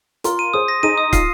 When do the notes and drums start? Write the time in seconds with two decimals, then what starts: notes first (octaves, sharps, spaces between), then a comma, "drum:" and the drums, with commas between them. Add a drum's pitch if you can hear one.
0.24 F4 A#4 C6, drum: hi-hat
0.39 D#7
0.53 G#4 C5 D#6
0.68 A#6
0.83 D#4 G#4 D#7
0.97 D#6
1.13 F4 C7, drum: kick, hi-hat